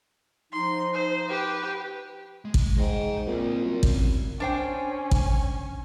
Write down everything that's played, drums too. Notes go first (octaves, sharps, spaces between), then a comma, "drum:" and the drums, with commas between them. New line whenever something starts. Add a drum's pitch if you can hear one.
F3 D#4 C6
C5
G4 B4
G#3
drum: kick A1
G#2 D#5 G5
A#2 G3 C4
F#2
drum: kick A1
C#4 D4 C5 G5
drum: kick A1